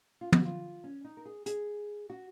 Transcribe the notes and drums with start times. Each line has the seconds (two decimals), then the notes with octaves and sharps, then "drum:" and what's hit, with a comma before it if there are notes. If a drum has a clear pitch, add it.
0.21 F4
0.32 F#4, drum: tom
0.45 F4
0.84 C#4
1.05 D#4
1.17 A#4
1.26 G#4
1.46 G#4, drum: hi-hat
2.10 F#4